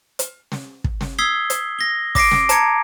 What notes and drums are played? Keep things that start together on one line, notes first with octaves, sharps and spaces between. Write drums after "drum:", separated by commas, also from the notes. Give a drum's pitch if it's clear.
drum: hi-hat
drum: snare
drum: kick
drum: snare
D#6 E6 G#6 B6 C7 G7
drum: hi-hat
A#6 G7
D6 A#6 C7 D7, drum: kick, open hi-hat
drum: snare
A5 A#5 G#6 C#7, drum: hi-hat